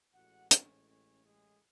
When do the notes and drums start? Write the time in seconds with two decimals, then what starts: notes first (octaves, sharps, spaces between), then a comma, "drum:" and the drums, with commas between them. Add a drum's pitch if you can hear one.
0.14 A1 A2 G#3 F#4 F#5
0.51 C#4 C#5, drum: hi-hat
0.88 C#4 C#5
1.25 G#3 G#4